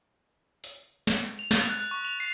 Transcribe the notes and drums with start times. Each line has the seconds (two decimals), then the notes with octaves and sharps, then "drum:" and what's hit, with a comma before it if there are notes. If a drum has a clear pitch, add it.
0.64 drum: hi-hat
1.07 drum: snare
1.39 F7
1.51 A6, drum: snare
1.69 F#6
1.91 C#6
2.05 F7
2.20 C7